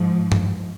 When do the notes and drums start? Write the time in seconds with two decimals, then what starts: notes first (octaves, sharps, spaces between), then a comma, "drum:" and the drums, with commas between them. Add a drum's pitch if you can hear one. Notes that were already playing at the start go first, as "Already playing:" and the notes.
Already playing: G#2 F3
0.32 drum: tom G2